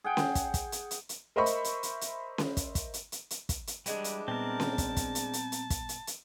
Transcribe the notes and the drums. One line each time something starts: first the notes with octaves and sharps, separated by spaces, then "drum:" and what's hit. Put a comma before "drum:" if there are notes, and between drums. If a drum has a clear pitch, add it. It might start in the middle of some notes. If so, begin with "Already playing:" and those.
G#4 F#5 G5
drum: snare C#4
drum: kick, hi-hat
drum: kick, hi-hat
drum: hi-hat
drum: hi-hat
drum: hi-hat
A#4 C5 D#5 E5 B5 C#6
drum: hi-hat
drum: hi-hat
drum: hi-hat
drum: hi-hat
drum: snare C#4
drum: kick, hi-hat
drum: kick, hi-hat
drum: hi-hat
drum: hi-hat
drum: hi-hat
drum: kick, hi-hat
drum: hi-hat
E3 G3 G#3 D4, drum: hi-hat
drum: hi-hat
A#2 G3 B3 C4 A#4 A5
drum: snare C#4
drum: kick, hi-hat
drum: kick, hi-hat
drum: hi-hat
drum: hi-hat
drum: hi-hat
drum: kick, hi-hat
drum: hi-hat
drum: hi-hat